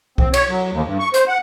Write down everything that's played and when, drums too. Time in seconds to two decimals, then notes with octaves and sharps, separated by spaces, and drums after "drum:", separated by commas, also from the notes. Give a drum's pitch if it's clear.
0.18 C4, drum: kick C2
0.34 C#5, drum: cymbal
0.49 F#3
0.72 D#2
0.86 G2
1.00 C#6
1.14 C5, drum: hi-hat
1.28 F#5